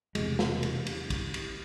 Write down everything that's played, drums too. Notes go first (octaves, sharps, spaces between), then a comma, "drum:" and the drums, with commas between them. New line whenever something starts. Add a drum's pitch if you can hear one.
E1 E2 C3 F#3 G#3, drum: cymbal
drum: snare
drum: cymbal
drum: cymbal
drum: kick, cymbal
drum: cymbal